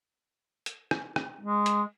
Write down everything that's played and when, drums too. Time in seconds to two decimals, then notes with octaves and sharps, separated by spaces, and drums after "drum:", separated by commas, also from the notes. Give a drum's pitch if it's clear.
0.66 drum: hi-hat
0.91 drum: rim click
1.16 drum: rim click
1.41 G#3
1.66 drum: hi-hat